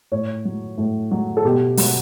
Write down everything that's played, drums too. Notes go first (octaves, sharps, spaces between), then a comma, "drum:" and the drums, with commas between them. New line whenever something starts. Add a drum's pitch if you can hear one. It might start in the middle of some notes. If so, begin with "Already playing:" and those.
A2 C#5
F#3
A2
F#3
A4
B2 G4
F#3, drum: open hi-hat